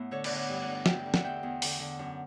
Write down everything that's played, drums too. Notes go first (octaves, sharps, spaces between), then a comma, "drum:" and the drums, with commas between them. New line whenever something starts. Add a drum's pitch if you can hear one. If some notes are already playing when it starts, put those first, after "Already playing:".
Already playing: A2 A3 B3 E4
D3 A4 C#5
B4 D5, drum: cymbal
D3
D5 F#5
G2
D5 F#5
G2
D5 F#5
D3 E5 G5, drum: snare
D3
F#5, drum: snare
E2 E5 G5
E2
D3, drum: open hi-hat
D3
F#2